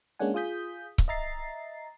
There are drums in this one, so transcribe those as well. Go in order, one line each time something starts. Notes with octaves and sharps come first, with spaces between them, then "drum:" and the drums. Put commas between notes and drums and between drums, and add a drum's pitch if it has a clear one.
G#3 A#3 C#4 D4 F#5 G#5
F4 G#4 D#6 G6 B6
drum: kick C#1
D#5 E5 A#5 A6 C7